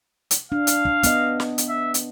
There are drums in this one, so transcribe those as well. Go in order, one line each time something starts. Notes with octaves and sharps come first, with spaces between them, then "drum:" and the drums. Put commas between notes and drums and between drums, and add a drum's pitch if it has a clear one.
drum: hi-hat
D4 F5
drum: hi-hat
drum: kick
B3 D#5, drum: kick, hi-hat
drum: snare
drum: hi-hat
E5
drum: hi-hat